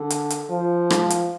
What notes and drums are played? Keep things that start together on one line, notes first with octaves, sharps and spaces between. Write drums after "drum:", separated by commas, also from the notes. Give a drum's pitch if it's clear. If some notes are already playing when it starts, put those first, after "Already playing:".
Already playing: D3
drum: hi-hat
drum: hi-hat
F3
drum: rim click
drum: hi-hat